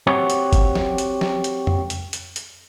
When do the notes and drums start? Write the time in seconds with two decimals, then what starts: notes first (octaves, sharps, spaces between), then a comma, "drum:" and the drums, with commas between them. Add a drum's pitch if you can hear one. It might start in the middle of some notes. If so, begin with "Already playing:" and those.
0.07 C4 F#4 G4 C#5
0.30 drum: hi-hat
0.53 drum: kick G1, hi-hat
0.75 drum: snare
0.98 drum: hi-hat
1.21 drum: snare
1.44 drum: hi-hat
1.67 drum: tom F2
1.90 drum: hi-hat
2.13 drum: hi-hat
2.36 drum: hi-hat